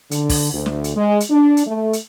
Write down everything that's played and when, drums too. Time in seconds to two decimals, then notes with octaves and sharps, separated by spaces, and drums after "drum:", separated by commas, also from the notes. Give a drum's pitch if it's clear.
0.11 D3, drum: hi-hat
0.29 drum: kick, open hi-hat
0.53 D2
0.66 drum: snare
0.84 drum: hi-hat
0.97 G#3
1.20 drum: hi-hat
1.30 D4
1.57 drum: hi-hat
1.67 A3
1.93 drum: hi-hat